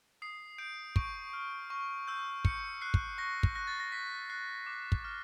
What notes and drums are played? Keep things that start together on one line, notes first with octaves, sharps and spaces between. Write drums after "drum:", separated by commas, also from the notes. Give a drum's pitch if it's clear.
D#6 C7
G6 D7
C#6 D7, drum: kick
F6
C#6
E6 G6
C#6 C#7, drum: kick
F#6 C7
drum: kick
C#6 A#6
drum: kick
F#6 A#6
A6
A#6
C#6 B6
F#6 C7
D6
drum: kick
F6